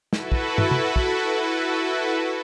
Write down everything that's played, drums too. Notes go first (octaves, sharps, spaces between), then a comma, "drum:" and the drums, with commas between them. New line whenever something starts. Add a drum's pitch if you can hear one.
E4 F#4 A4 B4, drum: snare
drum: kick
drum: tom
drum: tom
drum: kick